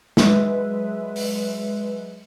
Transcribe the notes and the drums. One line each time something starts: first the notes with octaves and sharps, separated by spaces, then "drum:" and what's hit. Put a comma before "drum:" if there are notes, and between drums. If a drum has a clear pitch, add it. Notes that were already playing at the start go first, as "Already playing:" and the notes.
F#3 G#3 B4 E5, drum: snare
drum: open hi-hat